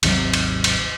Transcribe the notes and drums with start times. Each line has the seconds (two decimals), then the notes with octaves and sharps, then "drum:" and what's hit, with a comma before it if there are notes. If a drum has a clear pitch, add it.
0.03 G#1 D#2 C3 F#3, drum: cymbal
0.34 drum: cymbal
0.64 drum: cymbal